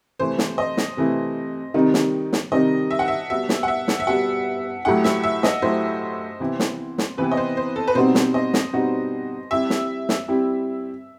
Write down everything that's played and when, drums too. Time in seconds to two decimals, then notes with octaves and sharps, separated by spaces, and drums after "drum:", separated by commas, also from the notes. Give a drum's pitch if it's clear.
0.19 C3 E3 A3 E4 C5
0.38 drum: snare
0.58 D#5
0.77 drum: snare
0.97 C3 E3 A3 E4
1.74 C3 D#3 G3 C4 D#4
1.94 drum: snare
2.33 drum: snare
2.52 C3 D#3 G3 C4 D#4 D#5
2.91 E5
2.99 F#5
3.08 E5
3.30 G3 B3 F#4 E5
3.49 drum: snare
3.63 F#5
3.68 E5
3.88 drum: snare
4.00 E5
4.07 G3 B3 F#4 F#5
4.85 A2 F#3 A3 E4 G4 F#5
5.04 E5, drum: snare
5.24 E5
5.43 D#5, drum: snare
5.62 A2 F#3 A3 E4 G4 C5
6.40 C3 E3 B3 E4 G4
6.60 drum: snare
6.98 drum: snare
7.17 C3 E3 B3 E4 G4 B4
7.31 D#5
7.37 C5
7.57 C5
7.76 A4
7.88 B4
7.95 B2 G3 C4 D#4 F#4 C5
8.15 drum: snare
8.34 D#5
8.54 drum: snare
8.73 B2 G3 C4 D#4 F#4
9.51 G3 C4 E4 G4 E5
9.70 drum: snare
10.09 drum: snare
10.28 G3 C4 E4 G4